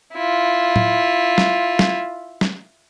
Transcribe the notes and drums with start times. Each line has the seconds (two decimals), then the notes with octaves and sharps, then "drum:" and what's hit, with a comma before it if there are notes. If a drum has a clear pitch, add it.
0.14 E4 F4
0.76 drum: tom A2
1.38 drum: snare
1.79 drum: snare
2.41 drum: snare